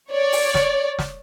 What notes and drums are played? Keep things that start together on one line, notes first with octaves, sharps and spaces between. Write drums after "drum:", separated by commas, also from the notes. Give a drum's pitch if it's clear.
C#5 D5
drum: open hi-hat
drum: snare
drum: snare